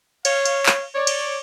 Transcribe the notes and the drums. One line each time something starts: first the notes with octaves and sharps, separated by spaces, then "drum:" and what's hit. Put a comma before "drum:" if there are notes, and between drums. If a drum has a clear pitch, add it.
C#5 F5, drum: cymbal
drum: cymbal
drum: clap
C#5 D5
drum: cymbal